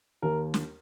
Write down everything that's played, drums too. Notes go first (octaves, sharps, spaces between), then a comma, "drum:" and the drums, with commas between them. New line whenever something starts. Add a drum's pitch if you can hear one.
D#2 A#4
drum: snare